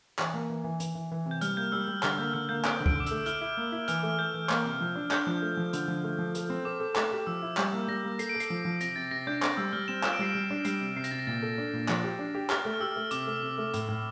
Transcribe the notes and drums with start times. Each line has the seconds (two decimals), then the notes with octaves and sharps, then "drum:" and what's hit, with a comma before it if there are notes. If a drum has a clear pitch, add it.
0.19 E3, drum: clap
0.34 A#3
0.50 E3
0.64 E3
0.80 E3, drum: hi-hat
0.95 E3
1.11 E3
1.26 C3
1.31 G6
1.41 G3 F6, drum: hi-hat
1.57 A#3 G6
1.72 G3 E6
1.88 G3
2.03 D3 F6, drum: clap
2.18 A#3 G6
2.33 D3 F6
2.49 A#3 G6
2.65 C4 D7, drum: clap
2.80 D3
2.86 D7, drum: kick C2
2.95 D3 D6
3.06 A3 E6, drum: hi-hat
3.26 E4 F6, drum: hi-hat
3.41 E4
3.57 A#3
3.72 E4
3.88 E3 F6, drum: hi-hat
4.03 A3
4.19 A3 G6
4.34 E3
4.49 A#3 F6, drum: clap
4.64 C3
4.80 F3
4.96 D4
5.11 D4 G6, drum: clap
5.26 F3
5.42 A3
5.57 F3
5.73 D3, drum: hi-hat
5.88 F3
6.04 A3
6.18 F3
6.35 A4, drum: hi-hat
6.50 C4
6.65 A4 D6
6.80 A4
6.96 A3 D6, drum: clap
7.11 G4
7.27 F3 E6
7.42 E4
7.57 G3 G6, drum: clap
7.73 A#3
7.88 G3 A#6
8.04 A#3
8.19 A4 C7, drum: hi-hat
8.29 D7
8.35 A4
8.40 C7, drum: hi-hat
8.50 F3
8.65 F3
8.81 C3 A#6, drum: hi-hat
8.96 C3 A6
9.11 C3 A#6
9.27 D4 G6
9.42 C4, drum: clap
9.57 G3 E6
9.73 G3 F6
9.88 C4 E7
10.03 F4 E7, drum: clap
10.13 D7
10.19 G3 C7
10.30 G3 D7
10.50 D4
10.65 G3 C7, drum: hi-hat
10.81 C3
10.96 C3 C7
11.04 A#6, drum: hi-hat
11.11 C3 A6
11.19 A#6
11.27 A#2 A6
11.42 A4
11.58 D4
11.73 A#2
11.88 F3, drum: clap
12.04 G4
12.19 D4
12.35 G4
12.50 G4 F6, drum: clap
12.65 A3
12.74 F6
12.80 G4 E6
12.96 A3
13.11 C3 D6, drum: hi-hat
13.27 A3
13.42 C3
13.58 A3
13.74 A2, drum: hi-hat
13.88 A2